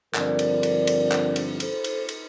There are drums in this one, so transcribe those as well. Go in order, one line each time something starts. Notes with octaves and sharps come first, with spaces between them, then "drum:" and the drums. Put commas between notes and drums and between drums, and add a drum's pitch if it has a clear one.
G2 D3 F3 C4 A#4 D5, drum: clap
drum: cymbal
drum: cymbal
drum: cymbal
drum: clap
drum: cymbal
A4 C5, drum: cymbal
drum: cymbal
drum: cymbal